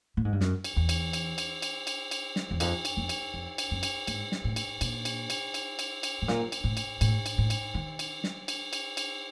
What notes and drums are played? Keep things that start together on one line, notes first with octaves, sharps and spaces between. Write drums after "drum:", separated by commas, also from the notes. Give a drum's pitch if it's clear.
A2
G#2
G2
F#2, drum: snare
drum: cymbal
E2
drum: cymbal
drum: cymbal
drum: cymbal
drum: cymbal
drum: cymbal
drum: cymbal
drum: snare
E2
F2, drum: cymbal
drum: cymbal
F2
drum: cymbal
F2
drum: cymbal
F#2
drum: cymbal
G#2, drum: cymbal
drum: snare
A2
drum: cymbal
A#2, drum: cymbal
drum: cymbal
drum: cymbal
drum: cymbal
drum: cymbal
drum: cymbal
A2
A#2, drum: snare
drum: cymbal
A2
drum: cymbal
A2, drum: cymbal
drum: cymbal
A2
drum: cymbal
D#3
drum: cymbal
drum: snare
drum: cymbal
drum: cymbal
drum: cymbal